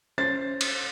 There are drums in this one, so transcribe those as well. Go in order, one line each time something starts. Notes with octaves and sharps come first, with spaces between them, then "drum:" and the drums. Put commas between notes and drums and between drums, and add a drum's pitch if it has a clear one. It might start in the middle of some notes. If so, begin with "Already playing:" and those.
C#4 C5 A6
drum: cymbal